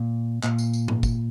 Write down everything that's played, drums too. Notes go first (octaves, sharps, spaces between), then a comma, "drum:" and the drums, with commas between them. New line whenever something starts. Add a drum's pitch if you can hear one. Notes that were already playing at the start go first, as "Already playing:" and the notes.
Already playing: A#2
A#2, drum: clap
drum: tambourine
drum: tambourine
drum: tom G#2
drum: kick, tambourine